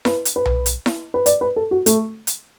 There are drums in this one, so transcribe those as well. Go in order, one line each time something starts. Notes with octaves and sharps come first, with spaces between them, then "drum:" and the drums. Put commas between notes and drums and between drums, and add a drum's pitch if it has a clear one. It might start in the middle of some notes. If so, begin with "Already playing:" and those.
B4, drum: snare E4
drum: hi-hat
B4
drum: tom B1
drum: hi-hat
drum: snare E4
B4
D5, drum: hi-hat
B4
A4
F#4
A3, drum: hi-hat
drum: hi-hat